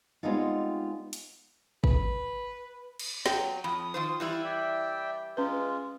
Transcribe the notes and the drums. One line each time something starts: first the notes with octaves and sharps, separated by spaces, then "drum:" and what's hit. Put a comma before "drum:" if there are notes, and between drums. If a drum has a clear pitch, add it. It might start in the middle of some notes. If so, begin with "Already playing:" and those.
G3 G#3 B3 C4 D#4 F4
drum: hi-hat
B4, drum: kick
drum: cymbal
F#3 G5, drum: snare
F2 B5 D#6
D#3 F4 C5
E3 G3 E4 F5
D5 E5 G5
G#3 C#4 F4 B4